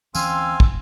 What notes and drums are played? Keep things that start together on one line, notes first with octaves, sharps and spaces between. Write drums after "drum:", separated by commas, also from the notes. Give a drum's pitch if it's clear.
D2 E3 C4 C#4 F5 G#5 C6 E6, drum: tambourine
drum: kick